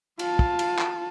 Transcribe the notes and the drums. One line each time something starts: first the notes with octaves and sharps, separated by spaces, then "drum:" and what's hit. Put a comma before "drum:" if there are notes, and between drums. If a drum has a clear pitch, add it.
F4 A5, drum: cymbal
drum: kick
drum: cymbal
drum: clap